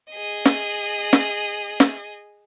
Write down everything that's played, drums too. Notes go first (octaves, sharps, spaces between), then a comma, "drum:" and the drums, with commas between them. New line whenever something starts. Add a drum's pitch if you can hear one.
G#4 D#5
drum: snare
drum: snare
drum: snare